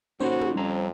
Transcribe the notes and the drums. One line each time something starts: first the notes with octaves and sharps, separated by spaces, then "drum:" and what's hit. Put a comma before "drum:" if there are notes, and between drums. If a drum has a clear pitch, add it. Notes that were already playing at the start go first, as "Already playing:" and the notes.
A#3 C#4 D#4 F#4 A4 C5 C#5
drum: tom
F2 G3 A#5